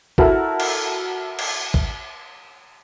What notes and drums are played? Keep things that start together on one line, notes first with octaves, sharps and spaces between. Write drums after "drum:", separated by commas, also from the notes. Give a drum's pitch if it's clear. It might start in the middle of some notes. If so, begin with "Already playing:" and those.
E4 F#4 A4 A#4, drum: kick
drum: cymbal
drum: cymbal
drum: kick